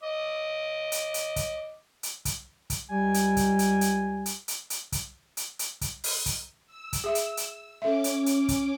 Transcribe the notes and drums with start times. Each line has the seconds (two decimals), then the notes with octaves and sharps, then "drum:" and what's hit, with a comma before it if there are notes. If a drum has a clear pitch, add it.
0.03 D#5 D6
0.92 drum: hi-hat
1.14 drum: hi-hat
1.36 drum: kick, hi-hat
2.03 drum: hi-hat
2.25 drum: kick, hi-hat
2.70 drum: kick, hi-hat
2.90 C#2 G3 G4 G#5
3.14 drum: hi-hat
3.37 drum: kick, hi-hat
3.59 drum: hi-hat
3.81 drum: hi-hat
4.26 drum: hi-hat
4.48 drum: hi-hat
4.70 drum: hi-hat
4.92 drum: kick, hi-hat
5.37 drum: hi-hat
5.59 drum: hi-hat
5.81 drum: kick, hi-hat
6.04 drum: open hi-hat
6.26 drum: kick, hi-hat
6.66 E6
6.93 drum: kick, hi-hat
7.04 G#4 E5
7.15 drum: hi-hat
7.37 drum: hi-hat
7.82 C#4 A4 E5 D6
8.04 drum: hi-hat
8.26 drum: hi-hat
8.49 drum: kick, hi-hat